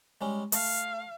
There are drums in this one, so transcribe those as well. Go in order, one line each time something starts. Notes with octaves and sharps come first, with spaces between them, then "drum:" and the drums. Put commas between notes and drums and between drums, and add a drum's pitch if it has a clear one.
G3 G#3 C#4
A3 F5, drum: open hi-hat